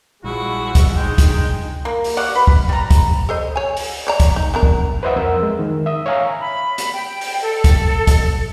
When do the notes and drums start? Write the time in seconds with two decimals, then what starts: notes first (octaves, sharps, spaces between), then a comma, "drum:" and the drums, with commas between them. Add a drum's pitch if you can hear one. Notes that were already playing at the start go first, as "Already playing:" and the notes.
0.24 A#1 F3 G3 G#3 E4 F#4 G#4
0.75 drum: kick, hi-hat
0.96 C2 G2 G#3 D#4 G5
1.18 drum: kick, hi-hat
1.85 A#3
2.04 drum: open hi-hat
2.17 C#5 D5 F5 F#5
2.35 B4
2.47 drum: kick
2.69 G3 A#5
2.91 drum: kick, hi-hat
3.29 A4 C5 D#5
3.56 C#5 G#5
3.77 drum: open hi-hat
4.07 C#5 D5 A#5
4.20 drum: kick, hi-hat
4.36 D#4
4.54 B3 D4 A#4
4.63 drum: kick
5.03 B4 C5 D#5 E5 F#5
5.16 F2 A#4 E6
5.43 G#3
5.59 D#3
5.86 E5 D#6
6.06 C#5 E5 F5 G#5 A#5
6.40 B5
6.78 drum: hi-hat
6.94 G5
7.21 drum: open hi-hat
7.42 A4
7.64 drum: kick, hi-hat
8.07 drum: kick, hi-hat